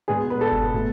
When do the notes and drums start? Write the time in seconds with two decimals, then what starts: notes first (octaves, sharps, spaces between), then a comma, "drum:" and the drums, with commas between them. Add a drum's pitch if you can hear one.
0.08 B2 G#3 B3 G#4
0.30 B4
0.41 A4
0.52 drum: kick F#1
0.74 B2 A3